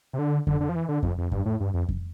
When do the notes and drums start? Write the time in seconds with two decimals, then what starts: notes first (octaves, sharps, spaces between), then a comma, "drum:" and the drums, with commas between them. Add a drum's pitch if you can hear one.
0.13 C3
0.19 D3
0.47 D3, drum: kick F2
0.61 D3
0.69 F3
0.75 E3
0.89 D3
1.03 F2, drum: kick F2
1.18 F2
1.32 G2, drum: kick F2
1.46 A2
1.60 G2
1.74 F2
1.89 drum: kick F2